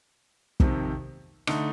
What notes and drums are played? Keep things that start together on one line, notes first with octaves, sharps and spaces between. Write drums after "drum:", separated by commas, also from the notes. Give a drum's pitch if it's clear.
F2 C3 D#3, drum: kick
D3 A3 D#4, drum: rim click